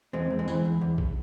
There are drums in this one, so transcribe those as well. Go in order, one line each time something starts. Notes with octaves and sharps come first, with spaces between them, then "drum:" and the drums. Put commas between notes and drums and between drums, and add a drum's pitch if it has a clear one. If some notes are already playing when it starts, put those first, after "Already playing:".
E2 G#3 C4
E2
G#3 C4
E3, drum: tambourine
E2
E2
drum: kick